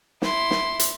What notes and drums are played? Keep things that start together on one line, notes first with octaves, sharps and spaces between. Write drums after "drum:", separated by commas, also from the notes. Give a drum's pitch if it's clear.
E4 C6, drum: snare
drum: snare
drum: hi-hat